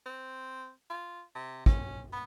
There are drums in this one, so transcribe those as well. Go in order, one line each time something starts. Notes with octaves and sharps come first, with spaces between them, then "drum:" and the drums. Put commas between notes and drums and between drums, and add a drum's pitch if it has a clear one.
C4
F4
C3
C#4, drum: kick
B3